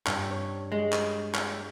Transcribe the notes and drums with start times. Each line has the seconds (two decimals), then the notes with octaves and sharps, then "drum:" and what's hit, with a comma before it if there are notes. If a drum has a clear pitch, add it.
0.07 G2, drum: clap
0.31 C#5
0.72 G#3
0.93 drum: clap
1.35 drum: clap